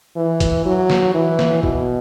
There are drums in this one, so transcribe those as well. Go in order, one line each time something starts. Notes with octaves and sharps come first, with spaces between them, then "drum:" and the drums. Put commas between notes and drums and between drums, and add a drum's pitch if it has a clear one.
E3
drum: kick, hi-hat
F#3
drum: snare
E3
drum: snare
B2, drum: kick